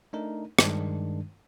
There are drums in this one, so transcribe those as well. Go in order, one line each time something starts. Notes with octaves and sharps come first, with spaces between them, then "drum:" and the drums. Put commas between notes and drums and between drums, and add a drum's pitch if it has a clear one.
A3 D4 D#4 A#4
G2 D#3 G3 G#3 D4, drum: rim click